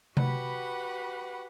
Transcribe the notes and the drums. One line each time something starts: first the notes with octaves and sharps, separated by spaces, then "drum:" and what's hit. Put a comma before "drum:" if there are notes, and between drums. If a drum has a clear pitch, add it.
F#4 G4 B4 F#5 B5, drum: tom C3